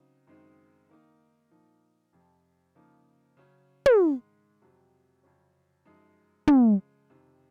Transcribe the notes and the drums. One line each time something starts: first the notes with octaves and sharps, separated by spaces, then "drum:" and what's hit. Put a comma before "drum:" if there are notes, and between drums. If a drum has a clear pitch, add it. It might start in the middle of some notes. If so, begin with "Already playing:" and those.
Already playing: C#3 F#3 C4 D#4
F#2 D#3 G#3 C4 D#4
D#3 A#3 D#4
A#2 F3 A#3 D#4
F2 C3 F3
C#3 F3 A#3 D#4
C#3 F#3 C#4
drum: tom
G#2 D#3 G#3
F2 C3 F#3
F2 C#3 F#3 C#4
F#2 F3 G#3 D#4
C#3 F3 G#3, drum: tom
F2 C3 D#3